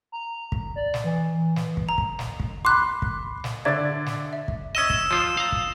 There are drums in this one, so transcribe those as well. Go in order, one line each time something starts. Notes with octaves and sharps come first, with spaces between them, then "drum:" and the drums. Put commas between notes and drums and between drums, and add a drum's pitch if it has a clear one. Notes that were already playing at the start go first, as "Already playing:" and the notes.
A#5
drum: kick
D5
drum: snare
E3
drum: snare
drum: kick
A#5
drum: kick
drum: snare
drum: kick
B5 C6 D6 F#6
drum: kick
drum: snare
D3 D5 E5 G#6 A6
drum: snare
E5
drum: kick
C#4 D#5 D#6 E6 E7
drum: kick
F3 F4 C5
F5 A#5
drum: kick